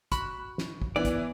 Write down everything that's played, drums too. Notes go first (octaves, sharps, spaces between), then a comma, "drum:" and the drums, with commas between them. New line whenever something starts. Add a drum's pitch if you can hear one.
F#4 B5 F#6, drum: kick, hi-hat
drum: snare
drum: kick
E3 B3 D5
drum: kick, hi-hat